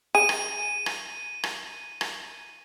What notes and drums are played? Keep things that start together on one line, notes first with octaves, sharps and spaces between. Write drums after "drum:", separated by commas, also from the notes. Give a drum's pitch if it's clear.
G#4 D#7
drum: rim click
drum: rim click
drum: rim click
drum: rim click